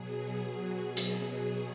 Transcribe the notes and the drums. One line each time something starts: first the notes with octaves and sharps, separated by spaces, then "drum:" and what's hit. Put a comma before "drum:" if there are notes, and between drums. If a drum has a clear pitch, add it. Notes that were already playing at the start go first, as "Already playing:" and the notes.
Already playing: B2 F#3 G#4
B2 F#3 G#4, drum: hi-hat